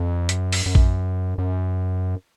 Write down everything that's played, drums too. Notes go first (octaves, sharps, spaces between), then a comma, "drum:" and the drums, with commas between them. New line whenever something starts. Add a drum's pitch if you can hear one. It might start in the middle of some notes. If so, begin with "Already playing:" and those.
Already playing: F2
F#2, drum: hi-hat
drum: open hi-hat
F#2
drum: kick A#1
F#2